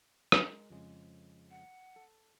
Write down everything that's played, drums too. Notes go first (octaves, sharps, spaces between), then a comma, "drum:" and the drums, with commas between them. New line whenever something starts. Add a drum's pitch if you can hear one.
drum: rim click
G#3 A#4
F2 C#3 G#3
F#5
A4